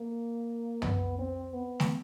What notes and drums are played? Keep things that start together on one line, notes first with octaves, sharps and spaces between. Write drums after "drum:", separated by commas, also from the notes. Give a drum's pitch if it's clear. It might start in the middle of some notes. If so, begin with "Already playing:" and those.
Already playing: A#3
B3, drum: tom
C4
B3
drum: snare A3